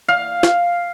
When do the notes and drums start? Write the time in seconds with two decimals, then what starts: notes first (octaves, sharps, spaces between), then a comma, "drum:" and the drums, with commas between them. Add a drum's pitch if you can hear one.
0.08 F5
0.43 drum: snare